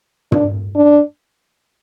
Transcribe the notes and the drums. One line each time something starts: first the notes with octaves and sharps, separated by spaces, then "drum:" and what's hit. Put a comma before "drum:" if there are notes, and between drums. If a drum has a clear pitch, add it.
D4, drum: tom
D4